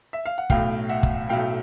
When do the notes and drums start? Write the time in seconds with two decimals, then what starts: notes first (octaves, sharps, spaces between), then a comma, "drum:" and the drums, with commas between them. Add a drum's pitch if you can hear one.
0.13 E5
0.26 F5
0.38 F#5
0.50 B1 A2 F#3 A3 F5 G5, drum: kick
0.89 E5 F#5
1.03 drum: kick
1.29 B1 A2 F#3 A3 F5 G5